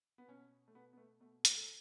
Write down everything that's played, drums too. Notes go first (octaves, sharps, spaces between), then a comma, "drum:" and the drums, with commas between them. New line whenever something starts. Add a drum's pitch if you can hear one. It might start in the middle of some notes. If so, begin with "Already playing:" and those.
B3
B2 C#4
A3
B2 B3
B3
A3
B2 A3
A3, drum: hi-hat
A4